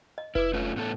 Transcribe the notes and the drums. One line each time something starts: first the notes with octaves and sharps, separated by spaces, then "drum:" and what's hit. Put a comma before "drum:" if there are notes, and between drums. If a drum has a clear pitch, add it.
D#5
E4 B4 D6, drum: kick F1
A3 C#4 F4
A2 B3 A4